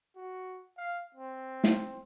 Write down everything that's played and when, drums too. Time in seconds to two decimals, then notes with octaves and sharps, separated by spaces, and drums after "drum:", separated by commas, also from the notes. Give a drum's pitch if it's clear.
0.16 F#4
0.77 F5
1.14 C4
1.64 drum: snare